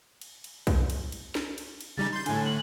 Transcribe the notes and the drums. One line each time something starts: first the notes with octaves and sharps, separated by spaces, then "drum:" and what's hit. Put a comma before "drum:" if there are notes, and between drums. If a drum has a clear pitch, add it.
drum: cymbal
drum: cymbal
drum: kick B1, cymbal
drum: cymbal
drum: cymbal
drum: snare
drum: cymbal
drum: cymbal
C#3 G3 D#4 A6
C6 G6
A2 D3 G#5, drum: cymbal
F#7